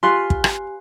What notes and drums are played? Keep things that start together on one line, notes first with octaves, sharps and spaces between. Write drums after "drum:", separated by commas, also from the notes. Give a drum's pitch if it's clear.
F4 G4 B4 F5 G#5 C6
drum: kick
drum: rim click